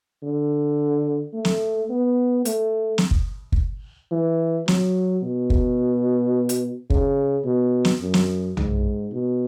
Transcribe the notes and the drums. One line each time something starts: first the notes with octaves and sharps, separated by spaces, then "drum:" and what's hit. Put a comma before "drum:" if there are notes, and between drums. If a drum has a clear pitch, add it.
D3
A3
drum: snare
B3
A3, drum: hi-hat
drum: snare
drum: kick
drum: kick
E3
F#3, drum: snare
B2
drum: kick
drum: hi-hat
C#3, drum: kick
B2
drum: snare
F#2
drum: snare
G#2, drum: tom B1
B2